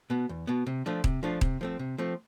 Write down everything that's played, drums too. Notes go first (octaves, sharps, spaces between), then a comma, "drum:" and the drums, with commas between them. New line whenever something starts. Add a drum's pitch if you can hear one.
B2 B3
E2
B2 B3
C3
F3 A3 D4 F4
C3, drum: kick D#1
F3 A3 D4 F4
C3, drum: kick D#1
F3 A3 C4
C3
F3 A3 C4